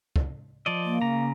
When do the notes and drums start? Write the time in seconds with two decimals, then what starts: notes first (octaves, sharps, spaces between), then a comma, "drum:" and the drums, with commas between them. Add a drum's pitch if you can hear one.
0.16 drum: kick
0.66 F3 D5 D#5
0.85 A#3
1.02 C#3 A#5